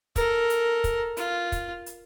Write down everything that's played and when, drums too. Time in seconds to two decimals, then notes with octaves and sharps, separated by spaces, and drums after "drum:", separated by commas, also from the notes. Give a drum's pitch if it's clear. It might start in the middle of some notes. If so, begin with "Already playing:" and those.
0.16 A4 A#4, drum: kick, hi-hat
0.50 drum: hi-hat
0.84 drum: kick, hi-hat
1.17 F4, drum: hi-hat
1.52 drum: kick, hi-hat
1.86 drum: hi-hat